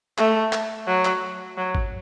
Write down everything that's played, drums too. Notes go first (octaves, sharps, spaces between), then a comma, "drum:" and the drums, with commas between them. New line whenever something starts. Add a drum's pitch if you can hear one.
A3, drum: clap
drum: clap
F#3
drum: clap
F#3
drum: kick G#1